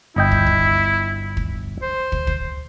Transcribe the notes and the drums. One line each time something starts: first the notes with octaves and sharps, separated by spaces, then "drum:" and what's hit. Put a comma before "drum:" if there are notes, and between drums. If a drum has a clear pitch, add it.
G1 E4 D#5 G5
drum: kick
drum: kick
drum: kick
C5
drum: kick
drum: kick